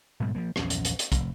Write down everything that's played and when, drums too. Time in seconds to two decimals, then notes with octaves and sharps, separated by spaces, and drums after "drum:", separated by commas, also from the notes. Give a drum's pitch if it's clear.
0.20 G#2 B2 G3
0.35 F3 G#3 A#3
0.56 A#1 E2 G2 C#4, drum: rim click
0.70 drum: hi-hat
0.85 drum: hi-hat
0.99 drum: hi-hat
1.12 F1, drum: kick, hi-hat